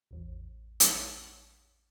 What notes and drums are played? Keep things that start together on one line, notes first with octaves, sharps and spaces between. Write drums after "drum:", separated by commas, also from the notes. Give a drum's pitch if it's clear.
A1 E2
drum: hi-hat